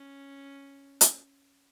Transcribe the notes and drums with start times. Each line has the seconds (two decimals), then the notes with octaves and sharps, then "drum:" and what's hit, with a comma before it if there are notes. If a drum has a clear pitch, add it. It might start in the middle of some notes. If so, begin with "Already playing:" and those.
Already playing: C#4
1.01 drum: hi-hat